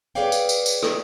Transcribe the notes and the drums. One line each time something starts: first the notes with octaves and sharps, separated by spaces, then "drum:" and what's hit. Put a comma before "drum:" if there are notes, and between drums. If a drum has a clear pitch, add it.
G#4 B4 C#5 D5 F5 G5
drum: tambourine
drum: tambourine
drum: tambourine
drum: rim click